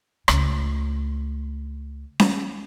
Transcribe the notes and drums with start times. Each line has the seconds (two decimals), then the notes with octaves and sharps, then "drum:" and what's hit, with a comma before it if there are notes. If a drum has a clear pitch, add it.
0.28 C#2 A3, drum: rim click
2.20 drum: snare C#4